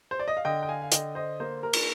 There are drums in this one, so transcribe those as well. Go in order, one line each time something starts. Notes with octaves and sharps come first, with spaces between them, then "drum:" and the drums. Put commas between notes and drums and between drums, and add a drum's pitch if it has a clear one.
C5
D5
D#5
F5
D3 D#5 G5
G5
F5 G#5
F5
D3 D#5 G5, drum: hi-hat
C5 D#5
A#3 C5
A#4
drum: cymbal